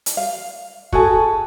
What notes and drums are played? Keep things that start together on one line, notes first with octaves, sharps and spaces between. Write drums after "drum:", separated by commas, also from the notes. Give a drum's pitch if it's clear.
drum: hi-hat
F5
F#4 G#4 A4 G#5, drum: kick